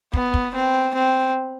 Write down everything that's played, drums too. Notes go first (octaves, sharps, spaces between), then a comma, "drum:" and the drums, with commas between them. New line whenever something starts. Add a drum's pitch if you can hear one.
B3, drum: kick
drum: kick
C4
C4